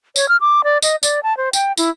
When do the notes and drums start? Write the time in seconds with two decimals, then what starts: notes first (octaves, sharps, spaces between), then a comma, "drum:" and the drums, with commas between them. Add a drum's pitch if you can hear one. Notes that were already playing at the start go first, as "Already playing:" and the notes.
0.16 C#5, drum: tambourine
0.28 F6
0.41 D6
0.64 D5
0.82 D#5, drum: tambourine
1.03 D5, drum: tambourine
1.23 A5
1.37 C5
1.53 G5, drum: tambourine
1.77 E4, drum: tambourine